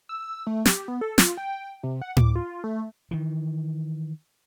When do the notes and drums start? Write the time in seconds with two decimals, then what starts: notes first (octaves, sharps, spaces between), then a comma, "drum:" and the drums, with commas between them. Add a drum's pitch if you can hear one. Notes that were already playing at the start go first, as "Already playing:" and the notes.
0.09 E6
0.47 A3
0.65 G4, drum: snare
0.88 B3
1.01 A4
1.18 F4, drum: snare
1.37 G5
1.83 C3
2.02 F#5
2.17 D6, drum: tom A2
2.36 F4
2.64 A3
3.11 D#3 E3